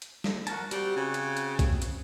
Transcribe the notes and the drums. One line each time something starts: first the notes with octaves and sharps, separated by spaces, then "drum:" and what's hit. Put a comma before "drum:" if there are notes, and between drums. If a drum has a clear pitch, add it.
drum: hi-hat
drum: snare
F#4 A#4 A5, drum: hi-hat
G3 C4 F#4, drum: hi-hat
C#3
drum: hi-hat
drum: hi-hat
drum: kick B1, hi-hat
drum: hi-hat